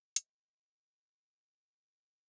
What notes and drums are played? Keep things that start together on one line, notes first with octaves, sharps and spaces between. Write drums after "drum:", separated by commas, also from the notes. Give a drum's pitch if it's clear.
G#3 C5 D#5 E5 G5, drum: hi-hat